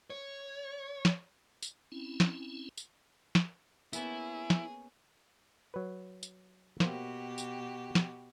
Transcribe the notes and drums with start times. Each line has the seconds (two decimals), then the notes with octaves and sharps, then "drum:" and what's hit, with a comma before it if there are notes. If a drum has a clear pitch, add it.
0.10 C#5
1.05 drum: snare
1.62 drum: tambourine
1.92 C4 C#4 E4
2.20 drum: snare
2.78 drum: tambourine
3.35 drum: snare
3.93 A#3 B3 C#4 E4 G#4, drum: tambourine
4.50 drum: snare
5.74 F#3 B4
6.23 drum: tambourine
6.80 B2 A#3 F#4 G4 C5, drum: snare
7.38 drum: tambourine
7.95 drum: snare